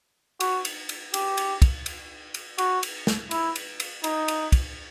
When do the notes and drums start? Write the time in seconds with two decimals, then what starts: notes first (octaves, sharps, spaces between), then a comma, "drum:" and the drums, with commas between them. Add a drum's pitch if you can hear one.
0.40 F#4, drum: cymbal
0.65 drum: cymbal
0.89 drum: cymbal
1.14 G4, drum: cymbal
1.37 drum: cymbal
1.62 drum: kick, cymbal
1.86 drum: cymbal
2.34 drum: cymbal
2.58 F#4, drum: cymbal
2.83 drum: cymbal
3.07 drum: snare
3.31 E4, drum: cymbal
3.56 drum: cymbal
3.80 drum: cymbal
4.04 D#4, drum: cymbal
4.28 drum: cymbal
4.52 drum: kick, cymbal